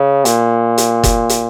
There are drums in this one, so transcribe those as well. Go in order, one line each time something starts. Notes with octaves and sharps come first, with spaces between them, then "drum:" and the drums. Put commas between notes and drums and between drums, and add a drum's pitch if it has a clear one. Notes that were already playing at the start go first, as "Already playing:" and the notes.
Already playing: C#3
A#2, drum: hi-hat
drum: hi-hat
drum: kick F#1, hi-hat
drum: hi-hat